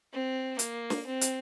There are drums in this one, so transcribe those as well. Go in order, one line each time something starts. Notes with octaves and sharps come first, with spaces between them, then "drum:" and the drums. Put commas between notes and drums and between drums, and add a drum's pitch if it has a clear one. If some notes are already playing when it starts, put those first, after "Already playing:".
C4
A#3, drum: hi-hat
drum: snare
C4
drum: hi-hat